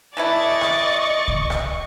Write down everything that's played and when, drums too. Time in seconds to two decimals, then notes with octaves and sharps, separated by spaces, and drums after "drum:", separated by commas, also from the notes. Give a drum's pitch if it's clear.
0.17 E3 A3 E4 D5 D#5 C#6 A6
0.61 drum: rim click
1.28 drum: kick C2
1.50 drum: rim click